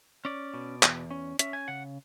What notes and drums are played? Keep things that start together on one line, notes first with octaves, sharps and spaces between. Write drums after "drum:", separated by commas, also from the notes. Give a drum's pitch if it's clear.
C#4 D5
B2
E2, drum: clap
C#4
C#4 E5, drum: hi-hat
G#5
C#3 F#5